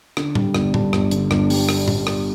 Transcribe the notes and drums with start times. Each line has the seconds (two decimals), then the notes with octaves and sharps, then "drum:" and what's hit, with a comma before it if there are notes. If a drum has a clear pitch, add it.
0.17 D3, drum: rim click
0.35 G3, drum: tom A2
0.54 G1, drum: rim click
0.74 G2, drum: tom A2
0.93 G1, drum: rim click
1.11 D3, drum: hi-hat
1.31 G1, drum: rim click
1.50 G3, drum: open hi-hat
1.69 drum: rim click
1.88 drum: tom A2
2.07 drum: rim click